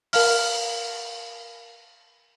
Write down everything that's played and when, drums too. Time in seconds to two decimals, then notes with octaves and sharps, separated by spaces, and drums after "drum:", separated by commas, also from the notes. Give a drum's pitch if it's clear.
0.13 A#4 F5 F6, drum: open hi-hat